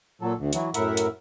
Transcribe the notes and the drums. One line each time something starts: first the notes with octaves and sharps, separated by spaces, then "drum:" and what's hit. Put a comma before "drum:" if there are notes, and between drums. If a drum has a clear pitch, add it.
A#2 F#3 A4
D2
E3 F#3, drum: hi-hat
F#2 A2 E4 A#4 E5 F#5, drum: hi-hat
drum: hi-hat